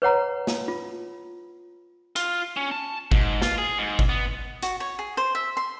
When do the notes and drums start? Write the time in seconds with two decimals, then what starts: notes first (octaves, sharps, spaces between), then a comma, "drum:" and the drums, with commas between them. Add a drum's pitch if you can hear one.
0.02 B4 C#5 F#5 A#5
0.47 drum: snare
0.68 F4
2.16 F4, drum: hi-hat
2.57 C#4
2.71 A5
3.12 G#2, drum: kick G1
3.42 F4, drum: snare
3.58 G#4
3.78 G#2
3.99 drum: kick G1
4.09 B3
4.62 F#4, drum: hi-hat
4.80 C#5
4.99 G#4
5.17 C5
5.35 E5
5.57 C6